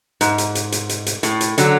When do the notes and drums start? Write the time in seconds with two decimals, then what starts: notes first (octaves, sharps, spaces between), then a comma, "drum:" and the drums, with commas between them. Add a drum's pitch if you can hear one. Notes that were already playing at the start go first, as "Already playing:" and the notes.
0.21 G#2, drum: hi-hat
0.38 drum: hi-hat
0.55 drum: hi-hat
0.72 drum: hi-hat
0.89 drum: hi-hat
1.06 drum: hi-hat
1.23 A2, drum: hi-hat
1.41 drum: hi-hat
1.58 D3 F#3, drum: hi-hat